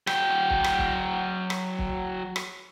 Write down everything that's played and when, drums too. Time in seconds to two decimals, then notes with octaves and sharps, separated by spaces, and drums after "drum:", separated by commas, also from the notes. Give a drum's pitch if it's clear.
0.07 F#3 G5, drum: rim click
0.50 drum: kick
0.64 drum: rim click
0.79 drum: kick
1.50 drum: rim click
1.79 drum: kick
2.36 drum: rim click